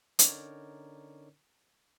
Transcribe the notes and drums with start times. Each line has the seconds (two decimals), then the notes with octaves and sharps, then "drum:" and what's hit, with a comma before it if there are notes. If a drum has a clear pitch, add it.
0.19 D3 C#4 D#4 A#4 C#5 D5, drum: hi-hat